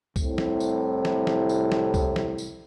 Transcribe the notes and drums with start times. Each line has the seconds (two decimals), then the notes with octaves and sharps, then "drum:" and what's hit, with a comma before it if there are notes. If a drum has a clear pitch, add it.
0.16 C2 A2 C3, drum: kick C2, tambourine
0.38 drum: snare
0.60 drum: tambourine
1.05 drum: snare
1.27 drum: snare
1.49 drum: tambourine
1.72 drum: snare
1.94 drum: kick C2, tambourine
2.16 drum: snare
2.38 drum: tambourine